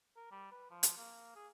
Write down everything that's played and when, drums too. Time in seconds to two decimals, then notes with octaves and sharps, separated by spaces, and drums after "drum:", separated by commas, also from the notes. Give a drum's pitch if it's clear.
0.16 A#4
0.31 G3
0.51 B4
0.70 F3
0.83 drum: hi-hat
0.97 A#3
1.36 G#4